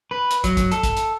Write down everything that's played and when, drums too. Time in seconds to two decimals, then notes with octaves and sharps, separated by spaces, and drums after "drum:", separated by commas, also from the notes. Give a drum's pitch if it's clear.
0.11 B4
0.31 drum: hi-hat
0.44 F#3, drum: kick, hi-hat
0.57 drum: kick, hi-hat
0.72 A4, drum: hi-hat
0.83 drum: kick, hi-hat
0.97 drum: hi-hat